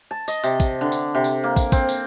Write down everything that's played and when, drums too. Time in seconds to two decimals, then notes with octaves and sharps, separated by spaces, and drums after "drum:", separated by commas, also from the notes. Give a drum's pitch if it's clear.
0.11 A5
0.28 D#5, drum: tambourine
0.44 C3, drum: tambourine
0.60 drum: kick, tambourine
0.81 D3
0.92 drum: tambourine
1.15 C3
1.24 drum: tambourine
1.44 A#3
1.56 drum: kick, tambourine
1.72 C4, drum: kick, tambourine
1.89 drum: tambourine